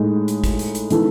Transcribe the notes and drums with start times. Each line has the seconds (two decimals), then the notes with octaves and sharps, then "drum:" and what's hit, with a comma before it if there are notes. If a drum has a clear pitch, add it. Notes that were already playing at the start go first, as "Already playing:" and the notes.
Already playing: A2 G#3 D#4
0.28 drum: hi-hat
0.44 drum: kick, hi-hat
0.59 drum: hi-hat
0.75 drum: hi-hat
0.90 D#3 G#3 B3 E4 A4, drum: hi-hat